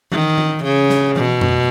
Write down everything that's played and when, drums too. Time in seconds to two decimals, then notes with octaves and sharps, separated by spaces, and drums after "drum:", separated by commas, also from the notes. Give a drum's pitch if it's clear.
0.12 D#3, drum: tom E3
0.38 drum: tom E3
0.64 C#3
0.90 drum: snare
1.16 B2, drum: tom E3
1.41 drum: tom F2